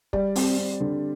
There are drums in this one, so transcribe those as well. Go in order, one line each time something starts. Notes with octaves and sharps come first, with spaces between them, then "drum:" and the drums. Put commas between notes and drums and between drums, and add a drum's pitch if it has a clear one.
G3 D5, drum: kick
C4, drum: open hi-hat
C4
D3